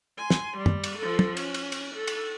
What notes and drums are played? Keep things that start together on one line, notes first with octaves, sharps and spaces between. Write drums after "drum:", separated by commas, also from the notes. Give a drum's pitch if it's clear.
G#5 C6
drum: snare
G3
drum: tom
drum: cymbal
F3 A4
drum: tom
C#4, drum: cymbal
drum: cymbal
drum: cymbal
A4
drum: cymbal